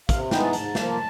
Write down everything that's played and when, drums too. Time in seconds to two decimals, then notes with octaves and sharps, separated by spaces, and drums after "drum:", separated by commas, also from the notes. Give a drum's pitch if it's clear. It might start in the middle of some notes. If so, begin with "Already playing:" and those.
0.09 C3 F5, drum: kick, hi-hat
0.31 E3 G#3 B3 D#4 G5, drum: snare
0.43 A5
0.53 G#2 A5, drum: hi-hat
0.75 F3 A#3, drum: snare